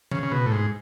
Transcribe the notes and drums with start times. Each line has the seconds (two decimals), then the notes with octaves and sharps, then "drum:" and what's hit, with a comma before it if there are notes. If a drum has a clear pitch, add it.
0.11 C#3, drum: tom D#3
0.23 C#3
0.32 B2
0.46 A2
0.52 G#2